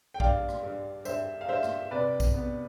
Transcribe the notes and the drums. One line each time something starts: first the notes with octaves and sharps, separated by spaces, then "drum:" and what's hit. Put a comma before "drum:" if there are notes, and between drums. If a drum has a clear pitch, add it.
G5
G2 D5 F5, drum: kick A#1
drum: rim click
G2
G2 C5 E5, drum: tambourine
F5
G2 C5 E5
drum: rim click
C3 B4 D5
drum: kick A#1, tambourine
B3